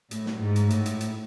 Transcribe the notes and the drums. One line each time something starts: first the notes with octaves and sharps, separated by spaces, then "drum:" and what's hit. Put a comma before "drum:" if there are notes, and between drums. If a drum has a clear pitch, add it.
A2, drum: hi-hat
drum: snare
G#2
drum: hi-hat
A2, drum: hi-hat
drum: hi-hat
drum: hi-hat